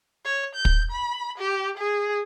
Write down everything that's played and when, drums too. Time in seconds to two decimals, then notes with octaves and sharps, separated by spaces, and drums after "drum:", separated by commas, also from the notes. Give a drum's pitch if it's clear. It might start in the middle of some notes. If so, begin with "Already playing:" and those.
0.25 C#5
0.55 G6
0.65 drum: kick
0.92 B5
1.39 G4
1.78 G#4